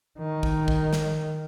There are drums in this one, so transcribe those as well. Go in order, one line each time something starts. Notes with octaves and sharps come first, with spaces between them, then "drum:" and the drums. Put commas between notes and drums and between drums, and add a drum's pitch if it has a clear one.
D#3
drum: kick
drum: kick
drum: snare